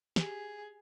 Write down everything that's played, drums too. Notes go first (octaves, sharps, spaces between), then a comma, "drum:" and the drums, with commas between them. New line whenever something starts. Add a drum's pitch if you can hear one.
G4 G#4, drum: snare